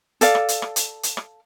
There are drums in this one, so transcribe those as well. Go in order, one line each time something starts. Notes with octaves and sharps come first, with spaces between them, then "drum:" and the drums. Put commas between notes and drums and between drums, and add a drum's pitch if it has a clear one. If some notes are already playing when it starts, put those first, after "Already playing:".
A4 D5 F5, drum: hi-hat
drum: rim click
drum: hi-hat
drum: rim click
drum: hi-hat
drum: hi-hat
drum: rim click